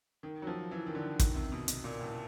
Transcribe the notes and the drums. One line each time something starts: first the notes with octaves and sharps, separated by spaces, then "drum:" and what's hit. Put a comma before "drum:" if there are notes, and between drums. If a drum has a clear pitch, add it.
D#3
F#3
F3
E3
D#3
D3
D#3, drum: kick, hi-hat
C3
B2
B2, drum: hi-hat
A#2
A2